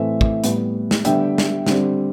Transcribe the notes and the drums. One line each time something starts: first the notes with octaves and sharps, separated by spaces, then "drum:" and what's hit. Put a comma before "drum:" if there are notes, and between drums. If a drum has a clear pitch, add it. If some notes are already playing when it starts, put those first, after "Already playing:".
Already playing: A2 E3 A3 C4 E5
drum: kick
A2 G3 B3, drum: hi-hat
drum: snare
D3 G3 B3 E5 G5, drum: hi-hat
drum: snare
D3 G3 C4, drum: snare